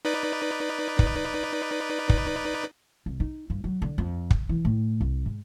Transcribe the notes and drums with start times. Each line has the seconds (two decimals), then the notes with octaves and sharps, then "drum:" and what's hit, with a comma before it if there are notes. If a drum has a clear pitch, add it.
0.05 D#4 B4 D5
0.99 drum: kick
2.09 drum: kick
3.06 C2
3.20 D#4
3.50 G2
3.64 F#3
3.82 D3
3.98 F2
4.30 drum: kick
4.49 E3
4.65 A2
5.01 C2
5.26 G#2